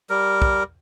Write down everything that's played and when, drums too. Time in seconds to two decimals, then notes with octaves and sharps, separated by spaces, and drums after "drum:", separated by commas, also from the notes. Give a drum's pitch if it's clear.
0.10 G3 A#4
0.42 drum: kick